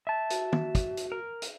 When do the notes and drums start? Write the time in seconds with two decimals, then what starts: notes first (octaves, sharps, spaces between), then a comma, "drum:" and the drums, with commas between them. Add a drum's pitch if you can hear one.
0.07 E5 A5
0.30 F#4, drum: hi-hat
0.53 drum: tom
0.75 drum: kick, hi-hat
0.97 drum: hi-hat
1.12 A#4
1.42 drum: hi-hat